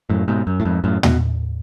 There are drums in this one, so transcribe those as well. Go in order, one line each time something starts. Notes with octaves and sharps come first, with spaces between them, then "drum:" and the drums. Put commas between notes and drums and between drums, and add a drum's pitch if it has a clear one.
F#2 A2
G#2 B2
F#2
A2
F2 G#2
F#2 A2
B2, drum: tom